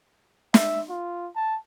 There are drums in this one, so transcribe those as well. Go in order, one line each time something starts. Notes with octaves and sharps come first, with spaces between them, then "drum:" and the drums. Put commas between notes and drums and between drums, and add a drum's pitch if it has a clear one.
E5, drum: snare
F4
A5